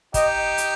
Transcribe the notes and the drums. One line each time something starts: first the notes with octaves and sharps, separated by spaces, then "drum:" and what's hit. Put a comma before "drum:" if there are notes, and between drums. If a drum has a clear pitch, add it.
D#4 G4 D#5, drum: kick, hi-hat
drum: hi-hat